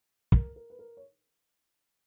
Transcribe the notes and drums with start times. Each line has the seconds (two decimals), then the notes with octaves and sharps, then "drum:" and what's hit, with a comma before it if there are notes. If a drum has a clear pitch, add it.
0.32 A#4, drum: kick
0.56 A#4
0.70 B4
0.79 A#4
0.97 C#5